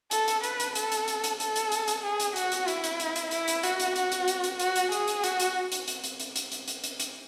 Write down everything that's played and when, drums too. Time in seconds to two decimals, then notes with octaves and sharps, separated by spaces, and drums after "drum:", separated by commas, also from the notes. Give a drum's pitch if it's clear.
0.11 A4, drum: hi-hat
0.28 drum: hi-hat
0.44 B4, drum: hi-hat
0.60 drum: hi-hat
0.75 A4, drum: hi-hat
0.92 drum: hi-hat
1.08 drum: hi-hat
1.24 drum: hi-hat
1.40 A4, drum: hi-hat
1.56 drum: hi-hat
1.72 drum: hi-hat
1.88 drum: hi-hat
2.03 G#4
2.20 drum: hi-hat
2.36 F#4, drum: hi-hat
2.52 drum: hi-hat
2.68 E4, drum: hi-hat
2.84 drum: hi-hat
3.00 drum: hi-hat
3.16 drum: hi-hat
3.31 E4, drum: hi-hat
3.48 drum: hi-hat
3.63 F#4, drum: hi-hat
3.80 drum: hi-hat
3.96 F#4, drum: hi-hat
4.12 drum: hi-hat
4.28 drum: hi-hat
4.44 drum: hi-hat
4.60 F#4, drum: hi-hat
4.76 drum: hi-hat
4.92 G#4, drum: hi-hat
5.08 drum: hi-hat
5.24 F#4, drum: hi-hat
5.40 drum: hi-hat
5.72 drum: hi-hat
5.88 drum: hi-hat
6.04 drum: hi-hat
6.20 drum: hi-hat
6.36 drum: hi-hat
6.52 drum: hi-hat
6.68 drum: hi-hat
6.84 drum: hi-hat
7.00 drum: hi-hat